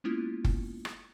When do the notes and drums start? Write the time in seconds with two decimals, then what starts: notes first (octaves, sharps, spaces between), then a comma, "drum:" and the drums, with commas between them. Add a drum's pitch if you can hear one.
0.04 G#3 A#3 B3 C#4 E4 F4
0.45 drum: kick F#1
0.85 drum: rim click